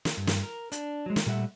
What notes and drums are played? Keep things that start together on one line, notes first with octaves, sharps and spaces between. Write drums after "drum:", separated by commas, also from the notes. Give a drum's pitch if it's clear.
drum: snare
G2
drum: snare
A#4
D4, drum: hi-hat
F#3 G#3
drum: snare
A#2 G3 A3 E5 F#5